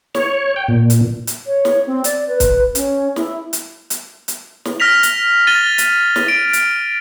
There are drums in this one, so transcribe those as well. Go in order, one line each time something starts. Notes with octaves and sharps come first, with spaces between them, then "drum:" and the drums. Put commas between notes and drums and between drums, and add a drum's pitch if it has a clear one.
C#5, drum: snare
G5
A#2
drum: hi-hat
drum: hi-hat
C#5
drum: snare
C4
D5, drum: hi-hat
B4
drum: kick, hi-hat
C#4, drum: hi-hat
E4, drum: snare
drum: hi-hat
drum: hi-hat
drum: hi-hat
drum: snare
F6 A#6 B6 F7
drum: hi-hat
A6 D#7 G7
drum: hi-hat
drum: snare
D7
drum: hi-hat